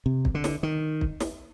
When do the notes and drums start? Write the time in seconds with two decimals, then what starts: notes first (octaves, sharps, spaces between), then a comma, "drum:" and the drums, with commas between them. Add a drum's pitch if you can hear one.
0.06 C3
0.25 drum: kick
0.35 D3
0.44 drum: snare
0.63 D#3
1.01 drum: kick
1.20 drum: snare